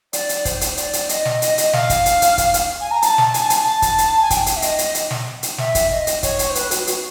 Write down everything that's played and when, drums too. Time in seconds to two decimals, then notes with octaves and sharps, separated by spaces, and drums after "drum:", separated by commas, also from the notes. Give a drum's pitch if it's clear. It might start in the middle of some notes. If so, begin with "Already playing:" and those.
0.13 D5, drum: hi-hat
0.29 drum: hi-hat
0.45 C5, drum: kick, hi-hat
0.61 drum: hi-hat
0.77 D5, drum: hi-hat
0.93 drum: hi-hat
1.09 D#5, drum: hi-hat
1.25 drum: snare
1.42 D#5, drum: hi-hat
1.58 D#5, drum: hi-hat
1.73 F5, drum: snare
1.90 drum: kick, hi-hat
2.06 drum: hi-hat
2.22 drum: hi-hat
2.38 drum: kick, hi-hat
2.54 drum: hi-hat
2.81 G#5
2.91 A#5
3.02 A5, drum: hi-hat
3.18 drum: snare
3.34 G#5, drum: hi-hat
3.42 A5
3.50 G#5, drum: hi-hat
3.58 A5
3.82 drum: kick, hi-hat
3.98 drum: hi-hat
4.21 G#5
4.30 G5, drum: kick, hi-hat
4.46 drum: hi-hat
4.56 E5
4.62 D#5, drum: hi-hat
4.78 drum: hi-hat
4.94 drum: hi-hat
5.11 drum: snare
5.43 drum: hi-hat
5.58 E5, drum: snare
5.75 drum: kick, hi-hat
5.91 D#5
6.07 drum: hi-hat
6.23 C#5, drum: kick, hi-hat
6.39 drum: hi-hat
6.50 C5
6.55 B4, drum: hi-hat
6.71 F#4, drum: hi-hat
6.87 F#4, drum: hi-hat